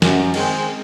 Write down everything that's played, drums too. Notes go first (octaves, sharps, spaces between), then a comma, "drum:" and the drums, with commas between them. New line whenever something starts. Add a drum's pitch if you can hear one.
F#2, drum: snare
D#3 G#3 C4, drum: cymbal